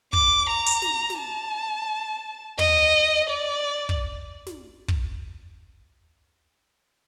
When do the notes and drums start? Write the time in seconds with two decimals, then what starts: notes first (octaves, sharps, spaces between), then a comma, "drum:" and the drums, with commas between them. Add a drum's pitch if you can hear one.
0.13 D6, drum: kick
0.49 A#5
0.66 drum: hi-hat
0.82 drum: snare
1.10 drum: snare
1.19 A5
2.59 D#5, drum: tom
3.29 D5
3.89 drum: kick
4.47 drum: snare
4.88 drum: kick